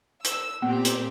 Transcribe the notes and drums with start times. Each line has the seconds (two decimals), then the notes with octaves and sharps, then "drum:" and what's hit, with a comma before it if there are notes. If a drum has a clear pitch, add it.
0.25 E6, drum: hi-hat
0.62 A#2 B3 C4 G4
0.85 drum: hi-hat